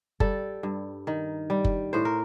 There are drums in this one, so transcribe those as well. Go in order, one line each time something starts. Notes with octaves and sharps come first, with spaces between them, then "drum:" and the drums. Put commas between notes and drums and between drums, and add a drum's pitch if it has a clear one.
G3 A4, drum: kick F#1
G2
D#3
G3
drum: kick F#1
A2 C5
A#4